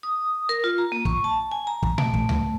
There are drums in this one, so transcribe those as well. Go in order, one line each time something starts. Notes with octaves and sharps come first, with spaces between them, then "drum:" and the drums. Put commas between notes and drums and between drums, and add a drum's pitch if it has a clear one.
D#6
A#4
F4
A#5
A#3
C#6, drum: kick
A5
G#5
A#5
drum: kick
A3, drum: tom A#2
drum: kick
drum: tom C#2